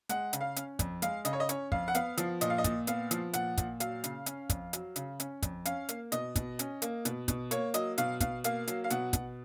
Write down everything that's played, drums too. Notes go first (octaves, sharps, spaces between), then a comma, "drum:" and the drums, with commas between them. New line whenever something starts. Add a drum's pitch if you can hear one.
G#3 F#5, drum: hi-hat
C#3, drum: hi-hat
F5
C#4, drum: hi-hat
F2, drum: kick, hi-hat
G#3 F5, drum: hi-hat
C#3 D#5, drum: hi-hat
C#5
D#5
C#4 C#5, drum: hi-hat
F2 F5, drum: kick
F#5
B3 F5, drum: hi-hat
F3, drum: hi-hat
A#2 D#5, drum: hi-hat
F5
D#5
A#2, drum: kick, hi-hat
B3 F5, drum: hi-hat
F3, drum: hi-hat
A#2 F#5, drum: hi-hat
A#2, drum: kick, hi-hat
F#3 F5, drum: hi-hat
C#3, drum: hi-hat
C#4, drum: hi-hat
F2, drum: kick, hi-hat
F#3, drum: hi-hat
C#3, drum: hi-hat
C#4, drum: hi-hat
F2, drum: kick, hi-hat
C#4 F5, drum: hi-hat
A#3, drum: hi-hat
B2 D#5, drum: hi-hat
B2, drum: kick, hi-hat
C#4, drum: hi-hat
A#3, drum: hi-hat
B2, drum: hi-hat
B2, drum: kick, hi-hat
A#3 C#5, drum: hi-hat
F#3 D#5, drum: hi-hat
B2 F5, drum: hi-hat
B2 F5, drum: kick, hi-hat
A#3 F5, drum: hi-hat
F#3, drum: hi-hat
F5
B2 F#5, drum: hi-hat
B2, drum: kick, hi-hat